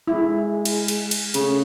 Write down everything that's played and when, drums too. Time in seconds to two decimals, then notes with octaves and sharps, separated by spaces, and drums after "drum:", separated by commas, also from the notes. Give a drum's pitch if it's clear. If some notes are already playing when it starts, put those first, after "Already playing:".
0.08 G#3 E4
0.65 drum: cymbal
0.88 drum: cymbal
1.11 drum: cymbal
1.34 C#3 A3, drum: cymbal